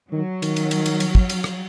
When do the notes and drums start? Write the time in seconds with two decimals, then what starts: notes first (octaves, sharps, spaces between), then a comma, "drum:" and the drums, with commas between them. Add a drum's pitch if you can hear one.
0.12 D#3 F#3
0.42 D#3, drum: cymbal
0.56 drum: cymbal
0.71 drum: cymbal
0.86 drum: cymbal
1.00 drum: cymbal
1.15 drum: kick
1.30 drum: cymbal
1.44 drum: rim click